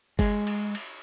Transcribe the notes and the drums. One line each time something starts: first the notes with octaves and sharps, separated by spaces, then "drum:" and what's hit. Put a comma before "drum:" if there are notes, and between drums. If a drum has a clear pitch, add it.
G#3, drum: kick G1, cymbal
drum: cymbal
drum: cymbal